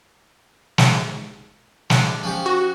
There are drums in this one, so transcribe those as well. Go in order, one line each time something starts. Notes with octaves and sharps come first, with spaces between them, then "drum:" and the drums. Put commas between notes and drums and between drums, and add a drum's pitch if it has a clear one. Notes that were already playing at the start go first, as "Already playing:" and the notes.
drum: snare
D4, drum: snare
F3 C#4 G4
F#4